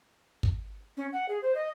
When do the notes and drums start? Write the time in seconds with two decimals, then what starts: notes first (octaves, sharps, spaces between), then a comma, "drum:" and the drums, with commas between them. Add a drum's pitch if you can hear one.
0.43 drum: kick
0.97 C#4
1.13 F#5
1.29 G#4
1.42 C5
1.55 D#5